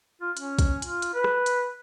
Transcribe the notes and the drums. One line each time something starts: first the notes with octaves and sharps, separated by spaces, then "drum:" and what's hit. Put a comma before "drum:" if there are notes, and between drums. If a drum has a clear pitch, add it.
F4
C#4, drum: hi-hat
drum: kick, hi-hat
F4, drum: hi-hat
drum: hi-hat
B4
drum: rim click
drum: hi-hat